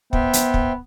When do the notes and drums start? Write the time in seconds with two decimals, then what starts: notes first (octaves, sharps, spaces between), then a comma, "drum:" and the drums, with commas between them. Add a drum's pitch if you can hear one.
0.13 B3 C5 E5 G5, drum: kick
0.33 drum: hi-hat
0.54 drum: kick